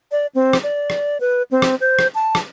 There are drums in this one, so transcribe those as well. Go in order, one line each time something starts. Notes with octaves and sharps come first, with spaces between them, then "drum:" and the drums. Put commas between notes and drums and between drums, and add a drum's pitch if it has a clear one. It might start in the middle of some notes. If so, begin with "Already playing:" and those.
D5
C4
drum: rim click
D5
drum: rim click
B4
C4
drum: rim click
C5
drum: rim click
A5
drum: rim click